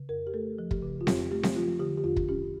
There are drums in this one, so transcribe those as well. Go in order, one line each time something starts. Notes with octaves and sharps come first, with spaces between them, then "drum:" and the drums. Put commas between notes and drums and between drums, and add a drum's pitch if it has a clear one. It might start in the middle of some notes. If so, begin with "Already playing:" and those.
Already playing: C#3
F2 A#4
G4
A3 A4
F3
G4, drum: kick
C#3
F4
F2 G4, drum: snare C4
A3 G4
drum: snare C4
F3 F4
D3 G4
G4
E2 F4
drum: kick
C#4 G4